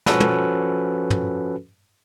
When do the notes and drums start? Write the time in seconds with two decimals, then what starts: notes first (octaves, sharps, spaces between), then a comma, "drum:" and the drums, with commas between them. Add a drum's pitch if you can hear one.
0.06 F3 C#4 F#4 A4 B4, drum: snare
0.20 drum: tom
1.10 drum: tom